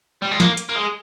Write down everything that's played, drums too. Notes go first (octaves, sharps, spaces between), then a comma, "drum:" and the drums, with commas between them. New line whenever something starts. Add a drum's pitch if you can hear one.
G3
G#3
A#3, drum: snare
drum: hi-hat
A#3
G#3